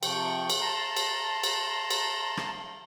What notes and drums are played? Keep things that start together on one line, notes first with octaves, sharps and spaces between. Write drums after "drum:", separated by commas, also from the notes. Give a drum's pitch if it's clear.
C3 F3 G5 C#6, drum: cymbal
drum: cymbal
A5 A#5 C6
drum: cymbal
drum: cymbal
drum: cymbal
drum: rim click